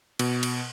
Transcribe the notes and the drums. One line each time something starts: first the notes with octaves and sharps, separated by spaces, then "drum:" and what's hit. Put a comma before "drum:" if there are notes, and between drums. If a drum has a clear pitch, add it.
B2, drum: cymbal
drum: cymbal